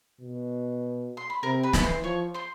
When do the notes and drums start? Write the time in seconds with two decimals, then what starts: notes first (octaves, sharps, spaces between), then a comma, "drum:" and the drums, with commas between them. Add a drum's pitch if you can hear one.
0.21 B2
1.17 C6
1.30 B5
1.43 C3 A#4 A#5
1.63 B4 B5
1.73 E3 B5, drum: snare
1.84 C5 C6
2.04 F3 C#5 C#6
2.34 C5 C6